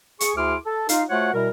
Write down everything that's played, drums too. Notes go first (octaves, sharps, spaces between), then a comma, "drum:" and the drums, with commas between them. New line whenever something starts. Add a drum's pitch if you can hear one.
G#4 C#6, drum: hi-hat
D2 E4 G#4 C6 D6 F6
A4
D#4 F4 F5, drum: hi-hat
A3 F4 F#4 C5 C#5 F#5
B2 G3 E4 A#4